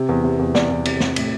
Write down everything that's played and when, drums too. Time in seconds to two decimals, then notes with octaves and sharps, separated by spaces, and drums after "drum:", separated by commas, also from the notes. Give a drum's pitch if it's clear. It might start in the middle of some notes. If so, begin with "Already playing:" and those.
Already playing: C3
0.09 E2
0.24 C3
0.39 E2
0.55 E2 D5, drum: snare
0.70 E2
0.85 C3, drum: cymbal
1.00 C3, drum: snare
1.16 A2, drum: cymbal